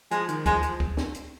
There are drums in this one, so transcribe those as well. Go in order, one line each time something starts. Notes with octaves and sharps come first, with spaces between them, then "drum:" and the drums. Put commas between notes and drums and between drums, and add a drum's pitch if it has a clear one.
F3 G#3, drum: hi-hat
D#3, drum: hi-hat
F3 G#3, drum: kick, hi-hat
F3, drum: hi-hat
drum: kick
drum: snare
drum: hi-hat